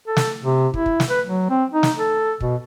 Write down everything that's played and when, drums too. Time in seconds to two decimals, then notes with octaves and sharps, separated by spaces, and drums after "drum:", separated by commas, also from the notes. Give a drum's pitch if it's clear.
0.07 A4
0.17 drum: snare
0.44 C3
0.74 E4, drum: kick
0.86 drum: kick
1.00 drum: snare
1.10 B4
1.26 F#3
1.50 C4
1.73 D#4
1.83 drum: snare
1.98 A4
2.41 B2, drum: kick